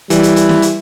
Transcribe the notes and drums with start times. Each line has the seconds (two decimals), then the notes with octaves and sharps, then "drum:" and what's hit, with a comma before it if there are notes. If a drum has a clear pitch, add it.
0.10 E3 G3, drum: hi-hat
0.23 drum: hi-hat
0.36 drum: hi-hat
0.49 drum: snare
0.62 drum: hi-hat